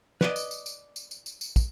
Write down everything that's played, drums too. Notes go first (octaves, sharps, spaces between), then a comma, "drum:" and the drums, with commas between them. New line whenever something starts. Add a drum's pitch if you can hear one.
B4 D5 D#5, drum: snare
drum: tambourine
drum: tambourine
drum: tambourine
drum: tambourine
drum: tambourine
drum: tambourine
drum: tambourine
drum: kick, tambourine